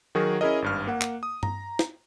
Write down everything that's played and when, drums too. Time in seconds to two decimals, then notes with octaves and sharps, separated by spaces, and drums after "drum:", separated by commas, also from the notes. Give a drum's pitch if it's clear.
0.15 D#3 F#3 F#4 G#4 A#4
0.41 C#4 E4 G#4 A#4 D#5
0.62 G#1 G2 F6
0.87 A#3 F#5
1.02 drum: clap
1.23 D#6
1.43 A#5, drum: tom G2
1.79 drum: snare